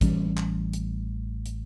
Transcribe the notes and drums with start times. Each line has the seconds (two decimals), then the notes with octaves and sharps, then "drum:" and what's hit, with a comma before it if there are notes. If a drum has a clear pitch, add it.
0.01 A1 E3 G3 C#4, drum: kick, hi-hat
0.37 drum: clap
0.73 drum: hi-hat
1.46 drum: hi-hat